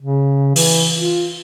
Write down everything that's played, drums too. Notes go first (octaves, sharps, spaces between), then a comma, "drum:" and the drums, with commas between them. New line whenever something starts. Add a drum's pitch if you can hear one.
C#3
E3, drum: open hi-hat
F4